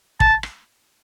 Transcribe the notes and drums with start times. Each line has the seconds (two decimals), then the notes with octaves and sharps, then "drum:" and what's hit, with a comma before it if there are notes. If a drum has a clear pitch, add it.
0.20 A5, drum: kick
0.43 drum: rim click